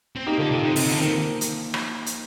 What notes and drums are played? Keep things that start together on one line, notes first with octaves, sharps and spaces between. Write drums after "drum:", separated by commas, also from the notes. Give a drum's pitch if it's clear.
C4
A#3 D#4 G4
D3 F4 A4
C3
D3 C4 D#4
C3, drum: open hi-hat
D3
D#3 A#3
drum: hi-hat
drum: rim click
drum: hi-hat